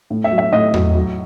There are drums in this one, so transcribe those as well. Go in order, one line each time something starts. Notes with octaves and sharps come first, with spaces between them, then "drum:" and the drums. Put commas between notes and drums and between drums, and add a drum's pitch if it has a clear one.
A2
E5
F#3
E5
A2 D#5
F#3, drum: tom E2
F#3